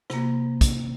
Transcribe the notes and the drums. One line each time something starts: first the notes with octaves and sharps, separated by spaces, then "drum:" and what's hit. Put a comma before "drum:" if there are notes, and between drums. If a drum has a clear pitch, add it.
C3 A#3, drum: rim click
drum: kick, hi-hat